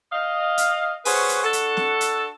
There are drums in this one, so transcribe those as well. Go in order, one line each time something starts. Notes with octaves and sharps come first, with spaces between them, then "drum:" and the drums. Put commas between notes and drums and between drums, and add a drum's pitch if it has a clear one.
D#5 F5
drum: hi-hat
C#4 F#4 G#4 B4 C5, drum: open hi-hat
drum: hi-hat
D4 F#4 A4
drum: hi-hat
drum: snare C4
drum: hi-hat